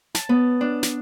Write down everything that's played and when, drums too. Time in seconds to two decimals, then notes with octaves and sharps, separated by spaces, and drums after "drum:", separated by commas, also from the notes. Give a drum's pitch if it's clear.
0.15 A5, drum: snare
0.29 B3
0.61 D4
0.83 drum: snare